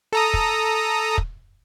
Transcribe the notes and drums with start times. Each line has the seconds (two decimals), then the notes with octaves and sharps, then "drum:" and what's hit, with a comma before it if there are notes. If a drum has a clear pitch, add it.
0.13 A4 A#5 D#6
0.34 drum: kick
1.18 drum: kick